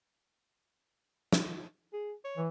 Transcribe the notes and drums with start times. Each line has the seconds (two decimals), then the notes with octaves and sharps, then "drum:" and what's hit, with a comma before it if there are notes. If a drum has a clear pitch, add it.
1.33 drum: snare
1.93 G#4
2.25 C#5
2.37 E3